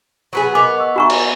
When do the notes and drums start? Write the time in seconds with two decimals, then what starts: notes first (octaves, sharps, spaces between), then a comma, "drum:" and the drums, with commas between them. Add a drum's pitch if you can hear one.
0.33 F#3 B3 G#4
0.55 B3 A#4 D#5 D6 F7
0.77 D#5 C#6 E6
0.96 F#4 E5 G#5 A#5 B5 C#6
1.10 drum: cymbal